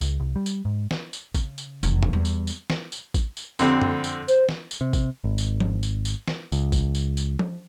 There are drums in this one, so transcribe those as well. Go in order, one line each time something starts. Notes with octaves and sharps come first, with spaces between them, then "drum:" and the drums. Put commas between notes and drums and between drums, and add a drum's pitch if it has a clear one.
C#2, drum: tambourine
C2
G3
drum: tambourine
G#2
drum: snare
drum: tambourine
C#3, drum: kick A1, tambourine
drum: tambourine
F1 E2, drum: tambourine
drum: tom F#2
E2 G3
drum: tambourine
drum: tambourine
drum: snare
drum: tambourine
drum: kick A1, tambourine
drum: tambourine
F2 D3 C4, drum: tambourine
drum: tom F#2
drum: tambourine
C5, drum: tambourine
drum: snare
drum: tambourine
C3
drum: kick A1, tambourine
G#1
drum: tambourine
drum: tom F3
drum: tambourine
drum: tambourine
drum: snare
C#2, drum: tambourine
drum: kick A1, tambourine
drum: tambourine
drum: tambourine
drum: tom F3